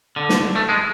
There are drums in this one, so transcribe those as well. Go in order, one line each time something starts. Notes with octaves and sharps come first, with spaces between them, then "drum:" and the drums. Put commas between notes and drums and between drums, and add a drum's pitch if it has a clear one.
D3
drum: snare
A3
G#3